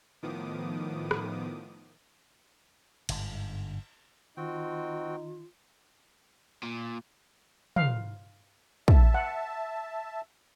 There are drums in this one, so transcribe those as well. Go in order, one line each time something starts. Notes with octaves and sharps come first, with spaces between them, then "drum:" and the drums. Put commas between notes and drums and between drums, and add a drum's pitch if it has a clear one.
A2 D#3 F3 B3 D6 D#6
drum: rim click
G1 G#2 D3, drum: cymbal
D#3 C4 D#4 F4 F#4 G5
A#2
F5, drum: tom
E5 A5, drum: kick
F#5